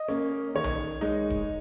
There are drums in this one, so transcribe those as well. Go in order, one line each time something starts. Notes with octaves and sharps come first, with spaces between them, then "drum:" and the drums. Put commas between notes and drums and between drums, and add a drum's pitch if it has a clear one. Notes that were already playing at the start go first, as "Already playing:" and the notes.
Already playing: D#5
A#3 C#4
D#3 C#5
drum: tom B1
G#3 D#4
drum: kick D#1